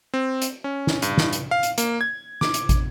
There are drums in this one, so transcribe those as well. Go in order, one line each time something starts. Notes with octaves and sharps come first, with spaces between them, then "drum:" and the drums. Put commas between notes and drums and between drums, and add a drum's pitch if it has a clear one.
C4
drum: hi-hat
C#4
drum: snare
G2, drum: hi-hat
drum: snare
drum: hi-hat
F5
drum: hi-hat
A#3, drum: hi-hat
G#6
D6, drum: snare
drum: hi-hat
drum: kick, hi-hat